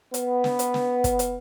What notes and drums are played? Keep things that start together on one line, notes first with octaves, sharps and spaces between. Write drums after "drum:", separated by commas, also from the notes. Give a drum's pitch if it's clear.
B3, drum: hi-hat
drum: snare
drum: hi-hat
drum: snare
drum: kick, hi-hat
drum: hi-hat